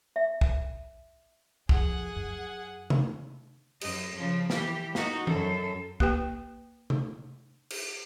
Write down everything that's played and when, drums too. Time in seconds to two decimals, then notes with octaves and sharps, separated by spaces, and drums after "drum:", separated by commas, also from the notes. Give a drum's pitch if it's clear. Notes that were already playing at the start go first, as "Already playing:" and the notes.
0.16 E5
0.41 drum: kick
1.69 F2 G#4 F#5, drum: kick
2.16 F#2
2.90 drum: tom C3
3.81 F#2 D#5, drum: cymbal
4.15 C#3 F3
4.50 E3 G4, drum: snare
4.95 D#4 F#4, drum: snare
5.27 F#2 A4, drum: tom E3
6.00 A#3 G4 B4 G5, drum: kick
6.90 drum: tom C3
7.70 drum: cymbal